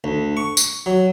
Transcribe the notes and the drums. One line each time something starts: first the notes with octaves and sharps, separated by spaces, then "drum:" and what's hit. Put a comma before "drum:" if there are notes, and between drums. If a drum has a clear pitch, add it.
D2
C#6
drum: tambourine
F#3